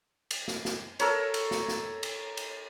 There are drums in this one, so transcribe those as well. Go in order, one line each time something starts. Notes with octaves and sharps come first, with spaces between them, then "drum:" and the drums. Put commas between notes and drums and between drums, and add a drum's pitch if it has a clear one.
drum: cymbal
drum: snare
drum: snare
A4 A#4 C#5, drum: cymbal
drum: cymbal
drum: snare
drum: snare
drum: cymbal
drum: cymbal